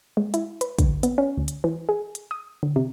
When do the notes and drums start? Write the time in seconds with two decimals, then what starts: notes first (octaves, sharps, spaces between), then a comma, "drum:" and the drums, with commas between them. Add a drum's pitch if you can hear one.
0.17 G#3
0.34 E4, drum: hi-hat
0.61 B4, drum: hi-hat
0.79 D3, drum: kick, hi-hat
1.03 B3, drum: hi-hat
1.18 C#4
1.37 D2
1.48 drum: hi-hat
1.64 E3
1.89 G#4
2.15 drum: hi-hat
2.31 D#6
2.63 D3
2.76 C3